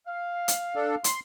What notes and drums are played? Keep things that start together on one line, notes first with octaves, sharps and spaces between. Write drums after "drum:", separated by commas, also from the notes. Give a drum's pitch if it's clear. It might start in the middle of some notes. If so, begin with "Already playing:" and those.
F5
drum: hi-hat
D4 A4
C6, drum: hi-hat